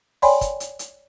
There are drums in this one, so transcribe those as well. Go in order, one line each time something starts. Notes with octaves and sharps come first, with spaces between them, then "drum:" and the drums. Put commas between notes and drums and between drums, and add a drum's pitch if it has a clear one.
C#5 D5 G5 G#5 B5 C6, drum: open hi-hat
drum: kick, hi-hat
drum: hi-hat
drum: hi-hat